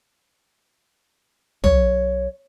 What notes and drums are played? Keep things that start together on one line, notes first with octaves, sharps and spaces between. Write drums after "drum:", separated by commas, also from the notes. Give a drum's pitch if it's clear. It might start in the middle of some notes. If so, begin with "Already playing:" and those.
B1 F#3 C#5, drum: tom